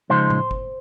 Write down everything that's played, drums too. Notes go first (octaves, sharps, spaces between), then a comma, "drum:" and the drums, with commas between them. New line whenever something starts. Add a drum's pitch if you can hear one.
C#3 F3 G#3 D#4 C5
drum: tom A2
drum: kick G1